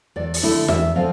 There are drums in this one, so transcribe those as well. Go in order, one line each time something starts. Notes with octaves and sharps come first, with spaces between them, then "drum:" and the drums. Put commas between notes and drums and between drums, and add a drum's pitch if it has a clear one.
E2 D5
drum: open hi-hat
D3 A3 E4
E2 E5, drum: snare
D3 F3 C4 F5